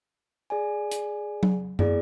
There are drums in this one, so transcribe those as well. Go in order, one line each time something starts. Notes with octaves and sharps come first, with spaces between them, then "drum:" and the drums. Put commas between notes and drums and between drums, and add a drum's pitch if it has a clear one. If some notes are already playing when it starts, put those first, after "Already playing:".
G#4 D5 G#5
drum: hi-hat
drum: tom F#3
B3 E4 G#4 D5, drum: tom